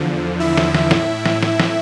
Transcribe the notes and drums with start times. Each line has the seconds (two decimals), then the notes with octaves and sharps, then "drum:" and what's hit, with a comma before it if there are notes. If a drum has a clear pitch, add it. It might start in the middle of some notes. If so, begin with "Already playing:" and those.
Already playing: E2 D3 F3
0.40 E4 E5
0.58 drum: snare
0.75 drum: snare
0.91 A2, drum: snare
1.26 drum: snare
1.43 drum: snare
1.60 drum: snare